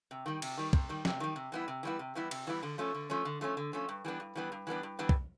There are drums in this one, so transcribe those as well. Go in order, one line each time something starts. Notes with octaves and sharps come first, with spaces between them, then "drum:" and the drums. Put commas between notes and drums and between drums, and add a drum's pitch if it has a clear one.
C3
D#3 G3
C3, drum: cymbal
D#3 G3
C3, drum: kick
D#3 G3
C3, drum: snare
D#3 G3
C3
E3 G3 B3 E4
C3
E3 G3 B3 E4
C3
E3 G3 B3 E4
C3, drum: cymbal
E3 G3 B3 E4
D3
F3 A3 C#4
D3
F3 A3 C#4
D3
F3 A3 C#4
D3
F3 A3 C#4
G2
E3 G3 B3 D4
G2
E3 G3 B3 D4
G2
E3 G3 B3 D4
G2
E3 G3 B3 D4
drum: kick